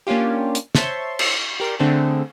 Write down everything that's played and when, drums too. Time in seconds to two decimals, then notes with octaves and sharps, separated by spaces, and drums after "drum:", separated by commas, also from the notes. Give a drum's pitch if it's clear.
0.07 A#3 C#4 D4 F4 G4
0.55 drum: hi-hat
0.75 C5 C#5 E5 A5 C6 C#6, drum: snare
1.19 drum: cymbal
1.60 G4 A#4 D5 C6
1.79 D3 A3 C4 D4 G#4 A4